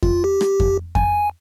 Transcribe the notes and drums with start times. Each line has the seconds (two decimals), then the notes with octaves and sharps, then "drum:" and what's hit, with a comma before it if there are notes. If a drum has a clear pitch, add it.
0.03 F4, drum: kick F2
0.24 G4
0.41 drum: rim click
0.60 drum: kick F2
0.95 G#5, drum: kick F2